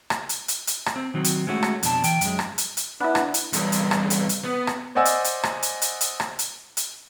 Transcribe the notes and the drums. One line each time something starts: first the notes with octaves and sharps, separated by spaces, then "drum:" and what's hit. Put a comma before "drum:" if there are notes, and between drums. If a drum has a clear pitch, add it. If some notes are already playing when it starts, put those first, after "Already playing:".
drum: rim click
drum: hi-hat
drum: hi-hat
drum: hi-hat
drum: rim click
C4
D#3 F#3 C4
drum: hi-hat
G#3 A3 C#4 F#4
drum: rim click
F2 B2 D4 A5, drum: hi-hat
E3 G5, drum: hi-hat
F#2 G#3, drum: hi-hat
drum: rim click
drum: hi-hat
drum: hi-hat
B3 D4 E4 B4
drum: rim click
drum: hi-hat
E2 G2, drum: hi-hat
drum: hi-hat
drum: rim click
drum: hi-hat
drum: hi-hat
B3
drum: rim click
C5 D5 D#5 F#5 G#5 E6
drum: hi-hat
drum: hi-hat
drum: rim click
drum: hi-hat
drum: hi-hat
drum: hi-hat
drum: rim click
drum: hi-hat
drum: hi-hat